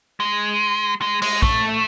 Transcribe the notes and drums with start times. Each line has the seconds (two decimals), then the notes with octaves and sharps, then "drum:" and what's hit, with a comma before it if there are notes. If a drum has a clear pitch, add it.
0.20 G#3
1.01 G#3
1.22 G#3, drum: cymbal
1.42 A3, drum: kick